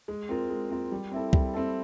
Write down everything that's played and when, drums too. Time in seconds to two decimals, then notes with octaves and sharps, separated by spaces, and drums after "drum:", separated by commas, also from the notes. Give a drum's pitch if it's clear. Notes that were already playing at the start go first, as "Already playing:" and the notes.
0.08 G#3
0.29 C4 F4 A#4
0.50 G#3
0.70 C4 F4 A#4
0.92 G3
1.11 C4 E4 A4
1.33 G3, drum: kick C2
1.54 C4 E4 A4